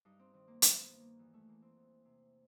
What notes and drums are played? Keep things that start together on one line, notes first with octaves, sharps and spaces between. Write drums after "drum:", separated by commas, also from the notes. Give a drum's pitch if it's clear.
G2 D#4
C4
D#3 C4
A#3
G2 C4, drum: hi-hat
B3
D#3
A#3
E2
A3
E3 A#3
C4
E2
C3